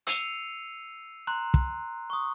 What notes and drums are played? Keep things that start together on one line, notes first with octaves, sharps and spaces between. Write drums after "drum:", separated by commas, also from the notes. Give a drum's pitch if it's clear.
E6 C7 C#7 D#7 F7, drum: hi-hat
A#5 C6 F#6
drum: kick
C#6 D#6